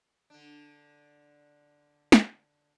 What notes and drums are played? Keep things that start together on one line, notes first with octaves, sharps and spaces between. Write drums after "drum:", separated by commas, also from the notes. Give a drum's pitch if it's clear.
D3 D4
drum: snare